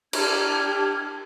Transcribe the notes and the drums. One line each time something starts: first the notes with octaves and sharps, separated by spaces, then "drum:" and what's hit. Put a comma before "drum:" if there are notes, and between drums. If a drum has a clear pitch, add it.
D4 G4 F6 G#6, drum: cymbal